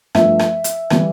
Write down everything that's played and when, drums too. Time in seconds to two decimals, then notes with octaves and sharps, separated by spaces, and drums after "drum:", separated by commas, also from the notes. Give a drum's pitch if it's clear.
0.15 G2 F3 A3 E5, drum: rim click
0.39 drum: rim click
0.64 drum: hi-hat
0.90 E3 G3, drum: rim click